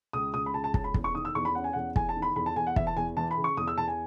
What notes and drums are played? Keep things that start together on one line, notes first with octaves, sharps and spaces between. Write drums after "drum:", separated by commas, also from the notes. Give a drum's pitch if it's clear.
C#2 D#6
C#2 D#6
B5
C#2 A5
A5
C#4 A5, drum: kick
B5
E2, drum: kick
C#6
D#3 D#6
E6
E2 C#6
B5
C#4 F#5
G#5
E2 F#5
E2 G#5, drum: kick
A5
D#3
B5
E2 B5
A5
E2 G#5
F#5
E3 E5, drum: kick
A5
E2 G#5
E3 A5
B5
C#3
C#6
E2 D#6
E6
E2 A5
G#5